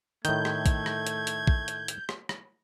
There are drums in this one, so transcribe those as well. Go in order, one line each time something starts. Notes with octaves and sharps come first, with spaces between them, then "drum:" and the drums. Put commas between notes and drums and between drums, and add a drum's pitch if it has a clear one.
A2 D#3 A3 G6 G#6, drum: hi-hat
drum: rim click
drum: kick A#1, hi-hat
drum: rim click
drum: hi-hat
drum: hi-hat
drum: kick A#1
drum: hi-hat
drum: hi-hat
drum: rim click
drum: rim click